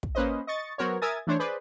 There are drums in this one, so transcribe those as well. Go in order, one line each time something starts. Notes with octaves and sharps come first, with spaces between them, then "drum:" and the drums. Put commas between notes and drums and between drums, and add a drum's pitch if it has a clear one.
drum: kick
A#3 C#4 B4 C5 D#5
D#5 C#6 A6 C#7
F#3 B3 F#4 A#4 C5 C#5
A#4 E5 G#5 D#6 G#6 A6
E3 A3 D4 C5 C#5
G#4 B4 C5 D5